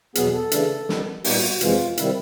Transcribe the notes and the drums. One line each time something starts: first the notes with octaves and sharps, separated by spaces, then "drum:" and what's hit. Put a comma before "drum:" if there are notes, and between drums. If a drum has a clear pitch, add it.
E2 B2 F#3 B3 G#4, drum: hi-hat
A4
C#3 E3 A3 D4, drum: hi-hat
D#3 G3 B3 D#4, drum: snare
A#2 G3 B3 D#4 G4, drum: open hi-hat
F#4
F#4
F2 C3 E3 G#3 F4, drum: hi-hat
C3 D#3 G3 E4, drum: hi-hat